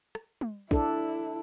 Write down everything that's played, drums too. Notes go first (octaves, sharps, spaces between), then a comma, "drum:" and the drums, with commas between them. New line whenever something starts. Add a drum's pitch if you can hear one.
drum: rim click
drum: tom
D4 E4 A4, drum: kick A#1